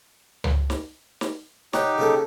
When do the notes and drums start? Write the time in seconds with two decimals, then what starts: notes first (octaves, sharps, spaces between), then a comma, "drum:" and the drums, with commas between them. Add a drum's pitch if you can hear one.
0.44 drum: tom C#2
0.70 drum: snare
1.21 drum: snare
1.73 D#4 G4 C#5 D5 F#5, drum: snare
1.98 C#3 A#3 A4